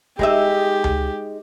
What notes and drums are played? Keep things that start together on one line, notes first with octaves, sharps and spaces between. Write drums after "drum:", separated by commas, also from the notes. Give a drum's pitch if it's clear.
G#3 D#4 G4 E5, drum: kick
drum: tom C#2